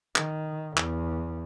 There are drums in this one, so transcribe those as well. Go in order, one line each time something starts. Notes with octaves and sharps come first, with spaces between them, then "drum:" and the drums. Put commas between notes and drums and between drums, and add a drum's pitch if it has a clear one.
D#3, drum: clap
E2, drum: clap